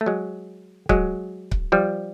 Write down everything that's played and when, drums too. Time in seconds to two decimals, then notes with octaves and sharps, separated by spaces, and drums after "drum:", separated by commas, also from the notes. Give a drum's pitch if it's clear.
0.01 A3
0.06 F#3 G#3
0.89 F#3 G#3, drum: kick C#1
1.51 drum: kick C#1
1.72 F3 G3